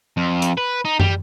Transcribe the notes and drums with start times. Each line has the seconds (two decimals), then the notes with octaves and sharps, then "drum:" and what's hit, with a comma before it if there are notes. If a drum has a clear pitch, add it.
0.17 F2
0.42 drum: hi-hat
0.57 B4
0.85 D#4
1.00 G3, drum: tom